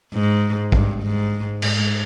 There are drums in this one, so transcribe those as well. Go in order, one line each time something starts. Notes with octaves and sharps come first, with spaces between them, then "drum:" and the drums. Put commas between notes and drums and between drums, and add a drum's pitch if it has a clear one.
G#2
G2, drum: kick
G#2
G#2, drum: cymbal